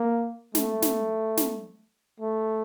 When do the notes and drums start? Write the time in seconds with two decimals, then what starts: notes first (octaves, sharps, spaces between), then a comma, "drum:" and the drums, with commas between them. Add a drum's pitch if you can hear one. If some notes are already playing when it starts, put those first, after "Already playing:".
Already playing: A#3
0.55 A3, drum: snare
0.82 drum: snare
1.37 drum: snare
2.20 A3